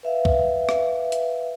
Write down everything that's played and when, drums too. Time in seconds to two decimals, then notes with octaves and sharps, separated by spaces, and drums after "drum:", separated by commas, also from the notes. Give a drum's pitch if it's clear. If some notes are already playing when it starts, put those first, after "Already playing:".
0.03 B4 E5 F5
0.25 drum: kick C2
0.69 drum: rim click
1.12 drum: hi-hat